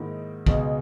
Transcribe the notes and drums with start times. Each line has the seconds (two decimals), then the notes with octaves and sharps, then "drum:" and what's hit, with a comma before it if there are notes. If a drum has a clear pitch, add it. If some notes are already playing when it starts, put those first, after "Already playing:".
Already playing: G#2 D#3 A#3 E4
0.46 C#2 B2 G#3, drum: kick